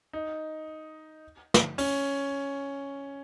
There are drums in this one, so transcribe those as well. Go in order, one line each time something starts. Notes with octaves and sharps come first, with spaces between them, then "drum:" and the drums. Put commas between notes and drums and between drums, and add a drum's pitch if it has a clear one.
D#4
drum: snare
C#4, drum: open hi-hat